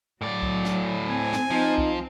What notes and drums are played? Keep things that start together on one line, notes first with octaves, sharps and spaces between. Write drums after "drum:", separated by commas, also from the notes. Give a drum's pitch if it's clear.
A2 F#3 D5
drum: kick C2
drum: snare
C4 G#5
drum: snare
F3 D#4
drum: kick C2